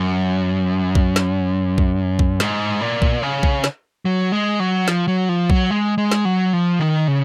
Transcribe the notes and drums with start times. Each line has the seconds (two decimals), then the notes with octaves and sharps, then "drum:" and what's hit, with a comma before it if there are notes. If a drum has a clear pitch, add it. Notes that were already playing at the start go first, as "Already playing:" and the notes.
Already playing: F#2
0.95 drum: kick B1
1.16 drum: snare
1.78 drum: kick B1
2.19 drum: kick B1
2.40 G#2, drum: snare
2.81 A#2
3.02 drum: kick B1
3.23 C#3
3.43 drum: kick B1
3.64 drum: snare
4.05 F#3
4.32 G#3
4.60 F#3
4.88 F3, drum: snare
5.08 F#3
5.29 F3
5.50 F#3, drum: kick B1
5.70 G#3
5.98 G#3
6.11 drum: snare
6.25 F#3
6.53 F3
6.80 D#3
7.08 C#3